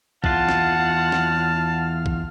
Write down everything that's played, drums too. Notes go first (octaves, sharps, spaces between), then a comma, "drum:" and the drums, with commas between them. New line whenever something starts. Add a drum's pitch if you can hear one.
E2 F4 F#5 A5 F6, drum: kick
drum: snare
drum: snare
drum: kick